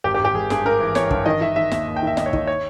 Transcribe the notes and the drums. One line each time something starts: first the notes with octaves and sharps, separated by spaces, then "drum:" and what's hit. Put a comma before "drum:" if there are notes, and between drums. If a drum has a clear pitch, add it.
G#1 G4
G4
G#1
G4
G#1 G#4
G2 G#4, drum: snare
G2 A#4
E3
E3 C#5, drum: snare
G2, drum: kick
D#3 D#5
D#3 E5
D#3 E5
D#2 E5, drum: snare
D#2
G5
D#3 E5
D#2 D#5, drum: snare
C#5
D#3 D#5, drum: kick
C#5